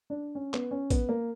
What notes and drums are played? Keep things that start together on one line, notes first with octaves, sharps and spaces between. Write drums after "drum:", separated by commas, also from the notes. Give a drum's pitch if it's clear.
D4
C#4
B3, drum: clap
C#4
B3, drum: kick A#1, hi-hat
A#3